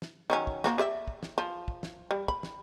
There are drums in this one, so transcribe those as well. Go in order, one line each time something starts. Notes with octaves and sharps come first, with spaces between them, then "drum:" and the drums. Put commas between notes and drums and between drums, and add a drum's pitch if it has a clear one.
drum: snare
D#3 F#3 C#4
drum: kick
F3 A#3 F#4, drum: snare
G4 D5 E5
drum: kick
drum: snare
F3
drum: kick
drum: snare
G3
B5, drum: kick
drum: snare